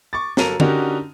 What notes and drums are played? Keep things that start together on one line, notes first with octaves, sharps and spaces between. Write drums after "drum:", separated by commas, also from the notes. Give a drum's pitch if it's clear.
C#6 D6 A6
G1 F#3 A4 A#4 D#7 F7, drum: snare
D3 C#4 D#4 F#4 G4 A#4, drum: tom D3